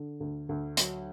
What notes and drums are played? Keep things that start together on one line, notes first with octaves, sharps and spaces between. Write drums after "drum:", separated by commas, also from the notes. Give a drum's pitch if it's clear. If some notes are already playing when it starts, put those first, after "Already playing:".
Already playing: D3
D2
D2
F#3, drum: hi-hat